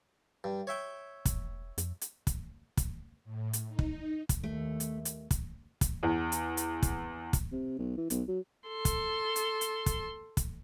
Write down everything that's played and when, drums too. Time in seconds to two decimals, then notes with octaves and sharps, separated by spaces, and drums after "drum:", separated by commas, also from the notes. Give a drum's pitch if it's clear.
0.44 G2
0.67 C#5 E5 G5
1.25 E1, drum: kick, hi-hat
1.78 F2, drum: hi-hat
2.01 drum: hi-hat
2.27 drum: kick, hi-hat
2.77 drum: kick, hi-hat
3.24 A2
3.53 drum: hi-hat
3.68 D#4
3.79 drum: kick
4.29 drum: kick, hi-hat
4.43 D#2 A3
4.80 drum: hi-hat
5.05 drum: hi-hat
5.31 drum: kick, hi-hat
5.81 drum: kick, hi-hat
6.03 E2
6.32 drum: hi-hat
6.57 drum: hi-hat
6.83 drum: kick, hi-hat
7.33 drum: kick, hi-hat
7.52 C3
7.79 B1
7.97 E3
8.10 B1, drum: hi-hat
8.28 F#3
8.69 A4 C6
8.85 drum: kick, hi-hat
9.36 drum: hi-hat
9.61 drum: hi-hat
9.86 drum: kick, hi-hat
10.37 drum: kick, hi-hat